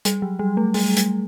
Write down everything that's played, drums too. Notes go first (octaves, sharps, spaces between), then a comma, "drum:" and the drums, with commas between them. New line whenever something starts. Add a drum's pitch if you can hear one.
G3, drum: hi-hat
F#3
G3
A3
G3, drum: open hi-hat
drum: hi-hat